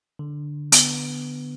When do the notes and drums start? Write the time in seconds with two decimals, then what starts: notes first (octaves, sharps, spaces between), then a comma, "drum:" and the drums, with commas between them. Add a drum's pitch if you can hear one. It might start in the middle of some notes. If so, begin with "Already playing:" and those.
0.19 D3
0.72 B3, drum: hi-hat